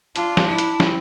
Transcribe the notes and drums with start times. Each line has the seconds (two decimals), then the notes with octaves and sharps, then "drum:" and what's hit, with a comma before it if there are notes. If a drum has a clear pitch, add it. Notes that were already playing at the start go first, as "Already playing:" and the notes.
0.16 D4 F4, drum: hi-hat
0.37 drum: snare
0.47 E4
0.58 drum: hi-hat
0.80 C4, drum: snare